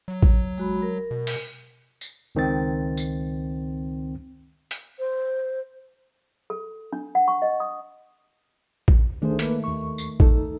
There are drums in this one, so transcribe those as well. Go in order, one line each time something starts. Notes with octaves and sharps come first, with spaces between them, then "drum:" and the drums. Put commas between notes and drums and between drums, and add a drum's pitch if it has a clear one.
F#3
drum: kick A1
G#3 F#4 B5
A#4
B2
drum: open hi-hat
drum: tambourine
C#2 D#3 C4 A6
drum: tambourine
drum: hi-hat
C5
A4
D4
F#5
C#6
D#5
D#6
drum: kick A1
D#3 A3 D4 G#4 C5
A#3 B4, drum: hi-hat
D#2 C#6
drum: tambourine
D#4 A4, drum: kick A1